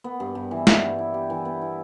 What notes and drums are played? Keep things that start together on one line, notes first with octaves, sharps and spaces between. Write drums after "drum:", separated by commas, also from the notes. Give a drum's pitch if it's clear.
B3
G2
G2
E3
B3, drum: snare
G2
E4
G4
E3
B3
E4